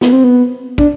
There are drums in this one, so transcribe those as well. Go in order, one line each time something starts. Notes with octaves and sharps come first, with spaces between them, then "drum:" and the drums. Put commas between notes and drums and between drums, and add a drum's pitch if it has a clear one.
B3, drum: snare
C4
B3
D4, drum: kick